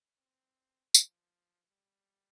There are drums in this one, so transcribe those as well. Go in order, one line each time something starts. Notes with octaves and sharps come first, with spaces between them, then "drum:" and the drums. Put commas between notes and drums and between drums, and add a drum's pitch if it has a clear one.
C4
F3, drum: tambourine
G3